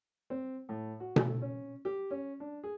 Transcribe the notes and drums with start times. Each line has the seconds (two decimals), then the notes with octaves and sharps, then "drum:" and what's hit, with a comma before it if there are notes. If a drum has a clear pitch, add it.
0.30 C4
0.69 A2
1.00 F#4
1.16 A3, drum: tom B2
1.42 C#4
1.85 G4
2.11 C#4
2.40 D4
2.64 G#4